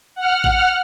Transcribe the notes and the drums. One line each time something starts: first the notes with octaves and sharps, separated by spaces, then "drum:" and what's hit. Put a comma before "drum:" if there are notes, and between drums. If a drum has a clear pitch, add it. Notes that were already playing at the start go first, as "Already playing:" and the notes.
F#5 F6
drum: kick